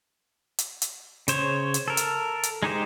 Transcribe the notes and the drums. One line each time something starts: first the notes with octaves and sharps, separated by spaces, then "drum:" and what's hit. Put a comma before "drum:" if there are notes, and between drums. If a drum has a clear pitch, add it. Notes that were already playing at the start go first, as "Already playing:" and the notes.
drum: hi-hat
drum: hi-hat
C#3 C5 C#5, drum: hi-hat
drum: hi-hat
A4 A#4
drum: hi-hat
drum: hi-hat
G#3 D#4 G4 C5